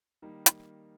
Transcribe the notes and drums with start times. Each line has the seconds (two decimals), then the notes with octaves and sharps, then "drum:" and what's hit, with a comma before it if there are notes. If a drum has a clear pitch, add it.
0.22 D#3 G3 A#3 D#4
0.46 drum: hi-hat